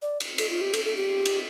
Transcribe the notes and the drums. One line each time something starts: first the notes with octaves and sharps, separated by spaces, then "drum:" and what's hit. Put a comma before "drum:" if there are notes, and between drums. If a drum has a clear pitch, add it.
D5
drum: cymbal
A4, drum: cymbal
F4
G4
A4, drum: cymbal
A4
G4
drum: cymbal